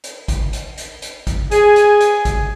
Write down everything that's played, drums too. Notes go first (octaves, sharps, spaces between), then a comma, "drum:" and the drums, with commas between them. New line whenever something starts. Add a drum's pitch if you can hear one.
drum: hi-hat
drum: kick G#1, hi-hat
drum: hi-hat
drum: hi-hat
drum: hi-hat
drum: kick G#1, hi-hat
G#4 G#5, drum: hi-hat
drum: hi-hat
drum: hi-hat
drum: kick G#1, hi-hat